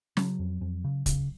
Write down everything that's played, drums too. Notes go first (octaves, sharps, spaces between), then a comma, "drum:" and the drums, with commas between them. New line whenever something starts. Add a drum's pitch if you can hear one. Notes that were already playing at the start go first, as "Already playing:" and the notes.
C#3 F#3, drum: snare
F2
F2
C#3
C#3, drum: kick, hi-hat